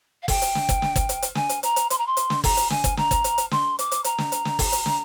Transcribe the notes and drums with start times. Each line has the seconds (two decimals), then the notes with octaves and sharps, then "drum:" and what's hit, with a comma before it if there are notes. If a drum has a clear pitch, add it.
0.22 F5
0.28 G5, drum: kick, open hi-hat
0.42 drum: hi-hat
0.55 drum: snare
0.69 drum: kick, hi-hat
0.82 drum: snare
0.96 drum: kick, hi-hat
1.09 drum: hi-hat
1.22 drum: hi-hat
1.35 G#5, drum: snare
1.49 drum: hi-hat
1.63 A#5, drum: hi-hat
1.76 drum: hi-hat
1.90 C6, drum: hi-hat
1.98 A#5
2.06 C6
2.17 drum: hi-hat
2.30 drum: snare
2.44 A#5, drum: kick, open hi-hat
2.57 drum: hi-hat
2.70 G#5, drum: snare
2.84 drum: kick, hi-hat
2.97 A#5, drum: snare
3.11 drum: kick, hi-hat
3.24 drum: hi-hat
3.38 drum: hi-hat
3.51 C6, drum: snare
3.79 D6, drum: hi-hat
3.92 drum: hi-hat
4.04 A#5, drum: hi-hat
4.18 drum: snare
4.32 drum: hi-hat
4.45 drum: snare
4.59 drum: kick, open hi-hat
4.72 drum: hi-hat
4.86 drum: snare